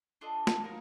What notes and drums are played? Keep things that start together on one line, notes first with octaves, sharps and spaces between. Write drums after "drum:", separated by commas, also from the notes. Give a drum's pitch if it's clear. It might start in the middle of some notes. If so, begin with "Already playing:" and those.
D4 F4 A4 D#5
drum: snare
D#4 A#4 F5